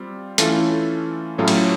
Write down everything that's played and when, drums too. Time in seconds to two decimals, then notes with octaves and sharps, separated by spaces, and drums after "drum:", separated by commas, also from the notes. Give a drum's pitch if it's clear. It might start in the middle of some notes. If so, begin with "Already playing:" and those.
Already playing: G3 C4 F4
0.38 E3 A3 C#4 F4 A4, drum: hi-hat
1.38 A2 F#3 A3 C#4 F4
1.48 drum: cymbal